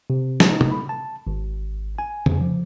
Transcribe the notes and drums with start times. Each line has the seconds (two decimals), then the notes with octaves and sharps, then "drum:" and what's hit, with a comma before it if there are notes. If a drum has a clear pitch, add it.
0.10 C3
0.40 drum: snare
0.50 D#4
0.61 drum: tom
0.72 B5
0.89 A5
1.27 G#1
1.98 G#5
2.26 F2, drum: tom
2.41 F3